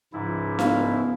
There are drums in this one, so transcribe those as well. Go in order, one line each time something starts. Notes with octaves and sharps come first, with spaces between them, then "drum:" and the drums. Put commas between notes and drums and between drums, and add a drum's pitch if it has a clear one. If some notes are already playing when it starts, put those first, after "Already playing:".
C#2 G#2 F3 E4 D6
B3 F5, drum: snare D4